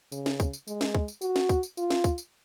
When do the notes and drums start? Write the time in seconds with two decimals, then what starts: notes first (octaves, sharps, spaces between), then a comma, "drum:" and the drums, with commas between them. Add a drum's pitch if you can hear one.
0.12 C#3, drum: tambourine
0.26 drum: snare
0.40 drum: kick, tambourine
0.53 drum: tambourine
0.68 G#3, drum: tambourine
0.81 drum: snare
0.95 drum: kick
1.08 drum: tambourine
1.21 F#4, drum: tambourine
1.36 drum: snare
1.49 drum: kick, tambourine
1.63 drum: tambourine
1.77 F4, drum: tambourine
1.90 drum: snare
2.04 drum: kick, tambourine
2.18 drum: tambourine